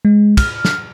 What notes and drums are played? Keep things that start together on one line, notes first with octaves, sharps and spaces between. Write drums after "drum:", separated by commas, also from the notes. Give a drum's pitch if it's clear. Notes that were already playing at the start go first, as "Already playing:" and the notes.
G#3
F6, drum: kick, cymbal
drum: snare